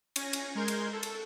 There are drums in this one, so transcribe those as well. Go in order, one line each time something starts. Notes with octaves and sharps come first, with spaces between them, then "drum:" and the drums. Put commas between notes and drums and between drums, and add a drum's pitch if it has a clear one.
C#4 G#5 A#6, drum: cymbal
drum: cymbal
G#3 A#4 C6 G6 G#6
drum: cymbal
A4
drum: cymbal